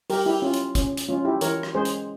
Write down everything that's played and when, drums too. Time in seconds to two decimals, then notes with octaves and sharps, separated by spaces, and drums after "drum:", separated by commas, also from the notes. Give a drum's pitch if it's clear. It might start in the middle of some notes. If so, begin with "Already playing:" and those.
0.10 G3 G4 A#4, drum: open hi-hat
0.26 E4 G4
0.42 C#4 F4
0.54 drum: hi-hat
0.75 C#3 C#4, drum: kick, hi-hat
0.97 drum: hi-hat
1.09 F3 G#3 C#4 F4
1.25 E4 G4
1.41 E3 A#4 C#5, drum: hi-hat
1.63 drum: rim click
1.74 G#3 C#4 G#4 C5
1.85 drum: hi-hat